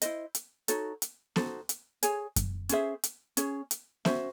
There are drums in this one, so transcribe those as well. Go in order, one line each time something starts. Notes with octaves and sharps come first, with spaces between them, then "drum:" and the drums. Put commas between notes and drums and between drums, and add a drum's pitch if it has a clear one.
E4 C5 D#5, drum: hi-hat
drum: hi-hat
D#4 F#4 A4 C#5, drum: hi-hat
drum: hi-hat
D#4 F#4 A4 C5, drum: snare B3
drum: hi-hat
G#4 C#5 G#5, drum: hi-hat
drum: kick F#2, hi-hat
C#4 G#4 C5 E5, drum: hi-hat
drum: hi-hat
C#4 G#4 C#5, drum: hi-hat
drum: hi-hat
C#4 F#4 C5 E5, drum: snare B3